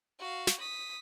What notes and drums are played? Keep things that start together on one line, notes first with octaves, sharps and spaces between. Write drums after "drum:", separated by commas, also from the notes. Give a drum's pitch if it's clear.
F#4 F5
drum: snare
D#6 B6